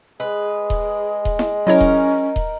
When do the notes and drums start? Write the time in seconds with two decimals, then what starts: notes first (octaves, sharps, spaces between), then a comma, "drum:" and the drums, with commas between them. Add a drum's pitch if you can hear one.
0.20 G#3 G#4 B4
0.70 drum: kick D#1
1.25 drum: kick D#1
1.39 drum: snare E4
1.67 F#3 C#4 D#4 E4 A#4 C#5
1.81 drum: kick D#1
2.36 drum: kick D#1